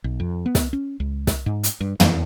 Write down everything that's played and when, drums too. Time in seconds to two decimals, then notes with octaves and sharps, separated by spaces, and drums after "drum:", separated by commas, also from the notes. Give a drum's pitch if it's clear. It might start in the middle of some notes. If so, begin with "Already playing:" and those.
0.04 B1
0.20 F2
0.46 B3
0.55 drum: snare
0.73 C#4
1.00 C#2
1.27 drum: snare
1.46 G#2
1.64 drum: hi-hat
1.80 G2
2.00 E3, drum: tom